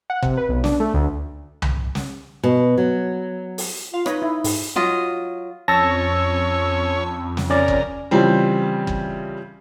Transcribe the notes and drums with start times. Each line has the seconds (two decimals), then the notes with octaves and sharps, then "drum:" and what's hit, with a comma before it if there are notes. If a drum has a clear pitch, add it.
0.10 F#5
0.22 C3, drum: kick
0.37 B4
0.49 B1
0.64 D4, drum: snare
0.80 A3
0.94 D2
1.62 drum: tom C2
1.95 drum: snare
2.43 B2
2.78 F#3
3.58 drum: open hi-hat
3.94 F4 F5
4.06 D#4 B4 C#5 D#5 B5, drum: rim click
4.22 E4
4.44 G#2, drum: open hi-hat
4.76 F#3 F4 D#5
5.68 F2 C#4 C#5 A5 E6 A#6
7.37 drum: snare
7.50 C#3 C#4 A#4 D5
7.68 drum: kick
8.11 C#3 E3 F3 G3 C4
8.87 drum: kick